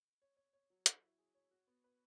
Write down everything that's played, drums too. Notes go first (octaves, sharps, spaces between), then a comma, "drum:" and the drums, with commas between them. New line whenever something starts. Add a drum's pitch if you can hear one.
C#5
C#5
C#5
F#3
F#3, drum: hi-hat
E4
G#4
C#5
F#4
B3
B4